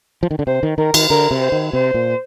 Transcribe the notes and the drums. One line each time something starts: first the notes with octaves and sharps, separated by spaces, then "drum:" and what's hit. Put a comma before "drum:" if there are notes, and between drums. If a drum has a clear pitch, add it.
F3
D#3
D3
C3 C5
D#3
D#3 A#4
D#3, drum: cymbal
D3 A#4
C3
C5
D#3
C3 C5
A#2